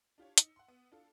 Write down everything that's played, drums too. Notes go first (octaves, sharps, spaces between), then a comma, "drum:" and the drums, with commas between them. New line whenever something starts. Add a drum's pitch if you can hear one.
D4 F4 G4 C#5
D#4 E6 C#7, drum: hi-hat
F#5 C6
B3
D4 F4 A4